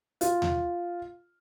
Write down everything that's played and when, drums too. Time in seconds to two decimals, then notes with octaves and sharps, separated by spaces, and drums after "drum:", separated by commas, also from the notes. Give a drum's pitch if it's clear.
0.21 F4, drum: hi-hat
0.42 drum: tom D#2